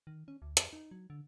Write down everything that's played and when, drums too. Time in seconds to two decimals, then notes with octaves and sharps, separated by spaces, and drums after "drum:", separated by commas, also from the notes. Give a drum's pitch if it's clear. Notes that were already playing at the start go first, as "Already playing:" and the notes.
0.07 D#3
0.28 C#4
0.42 D2
0.57 F2, drum: hi-hat
0.73 D#4
0.91 F#3
1.10 D3